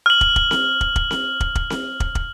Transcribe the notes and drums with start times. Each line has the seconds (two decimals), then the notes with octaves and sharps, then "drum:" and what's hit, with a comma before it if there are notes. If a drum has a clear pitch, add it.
0.06 F6 F#7
0.21 drum: kick
0.36 drum: kick
0.51 drum: snare C4
0.81 drum: kick
0.96 drum: kick
1.11 drum: snare C4
1.40 drum: kick
1.55 drum: kick
1.70 drum: snare C4
2.00 drum: kick
2.15 drum: kick